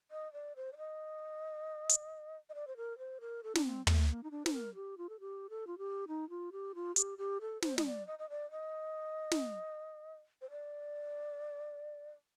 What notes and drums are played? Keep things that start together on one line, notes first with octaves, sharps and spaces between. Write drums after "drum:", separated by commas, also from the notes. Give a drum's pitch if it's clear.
D#5
D5
C5
D5
D#5
drum: hi-hat
D#5
D5
C5
A#4
C5
A#4
A4
D4, drum: snare
C4
A3, drum: tom
A#3
D#4
D4
C5, drum: snare
A#4
G4
F4
A4
G4
A4
F4
G4
D#4
F4
G4
F4
G4, drum: hi-hat
G4
A4
C5, drum: snare
D#5, drum: snare
D5
D#5
D#5
D5
D#5
drum: snare
C5
D5